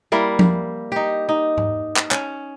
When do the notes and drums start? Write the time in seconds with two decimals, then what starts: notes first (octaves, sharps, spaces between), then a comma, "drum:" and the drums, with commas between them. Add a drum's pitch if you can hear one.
0.12 G3 A#3 E4
0.39 drum: tom F3
0.92 D#4 G4
1.29 D#4
1.57 drum: tom G#2
1.96 drum: clap
2.11 C#4, drum: clap